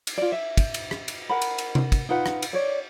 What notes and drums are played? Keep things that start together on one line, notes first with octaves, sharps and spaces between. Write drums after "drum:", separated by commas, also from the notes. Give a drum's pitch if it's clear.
drum: cymbal
F4 D5
E5
drum: kick, cymbal
drum: cymbal
drum: rim click
drum: cymbal
A#4 F#5 B5
drum: cymbal
drum: cymbal
drum: tom C3
drum: kick, cymbal
D#4 F4 B4 F#5
drum: rim click
drum: cymbal
C#5 D5